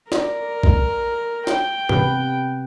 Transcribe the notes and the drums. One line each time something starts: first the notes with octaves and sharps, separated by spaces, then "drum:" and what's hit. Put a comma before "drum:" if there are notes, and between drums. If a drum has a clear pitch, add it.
A#4 D5, drum: snare
drum: kick A#1
G5, drum: snare
C3 B4, drum: tom G#2